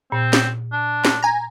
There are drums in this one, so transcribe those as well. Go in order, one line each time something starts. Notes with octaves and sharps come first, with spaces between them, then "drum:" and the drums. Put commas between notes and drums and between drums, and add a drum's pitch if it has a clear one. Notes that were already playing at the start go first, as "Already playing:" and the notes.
A#2 C4
drum: snare
D4
drum: snare
G#5 A#5